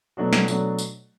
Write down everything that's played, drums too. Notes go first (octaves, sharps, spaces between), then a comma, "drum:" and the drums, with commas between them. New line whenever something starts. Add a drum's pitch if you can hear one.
B2 F#3 A3 D4 F#4
drum: snare
B2 F#3 A3 D4 F#4, drum: tambourine
drum: tambourine